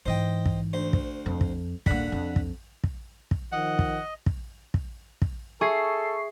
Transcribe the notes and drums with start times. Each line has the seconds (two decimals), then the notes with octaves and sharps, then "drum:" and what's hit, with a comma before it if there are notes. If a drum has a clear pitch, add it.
0.06 G#2 E3 C5 D#5 G5
0.46 drum: kick
0.73 D2 C5
0.93 drum: kick
1.26 F2
1.41 drum: kick
1.86 D#1 D3 A#3 F#5 B5, drum: kick
2.12 F2
2.36 drum: kick
2.84 drum: kick
3.31 drum: kick
3.52 D#3 F3 D#5 F#5
3.79 drum: kick
4.26 drum: kick
4.74 drum: kick
5.22 drum: kick
5.61 G#4 A4 E5 C#6 C7